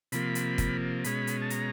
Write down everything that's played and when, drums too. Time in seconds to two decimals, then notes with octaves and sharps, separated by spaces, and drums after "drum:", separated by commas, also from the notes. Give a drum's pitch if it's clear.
0.12 C3 F3 A#3 B5, drum: hi-hat
0.35 drum: hi-hat
0.58 drum: kick, hi-hat
1.04 B2 G#3 C#4 B5, drum: hi-hat
1.27 drum: hi-hat
1.41 A5
1.50 A#5, drum: hi-hat